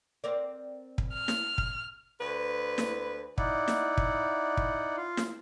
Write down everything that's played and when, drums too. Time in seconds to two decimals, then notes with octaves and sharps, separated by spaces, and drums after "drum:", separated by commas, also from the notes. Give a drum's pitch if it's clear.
0.24 C4 A#4 D5
0.98 drum: kick
1.13 F6
1.28 drum: snare
1.58 drum: kick
2.21 D2 B4
2.78 drum: snare
3.38 D#4 E4 D5 F#5, drum: kick
3.68 drum: snare
3.98 drum: kick
4.57 drum: kick
4.97 F4 F5
5.17 drum: snare